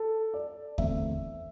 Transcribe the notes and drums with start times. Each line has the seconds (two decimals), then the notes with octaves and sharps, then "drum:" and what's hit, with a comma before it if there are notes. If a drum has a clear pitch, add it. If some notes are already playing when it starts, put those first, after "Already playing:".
Already playing: A4
0.34 D5
0.78 E2 D3 A3 C4 E5, drum: kick